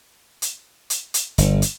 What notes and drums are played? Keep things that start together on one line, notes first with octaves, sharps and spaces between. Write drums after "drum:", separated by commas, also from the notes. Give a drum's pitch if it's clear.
drum: hi-hat
drum: hi-hat
drum: hi-hat
G1, drum: hi-hat
drum: hi-hat